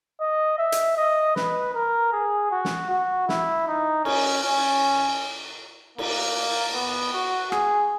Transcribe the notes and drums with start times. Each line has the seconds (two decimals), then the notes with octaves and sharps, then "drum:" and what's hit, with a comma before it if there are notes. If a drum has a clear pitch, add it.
0.21 D#5
0.59 E5
0.72 drum: hi-hat
0.98 D#5
1.36 B4, drum: snare
1.75 A#4
2.13 G#4
2.51 F#4
2.65 drum: snare
2.90 F#4
3.29 E4, drum: snare
3.68 D#4
4.05 C#4, drum: cymbal
4.44 C#4
5.98 A#3, drum: cymbal
6.74 B3
7.14 F#4
7.52 G#4, drum: rim click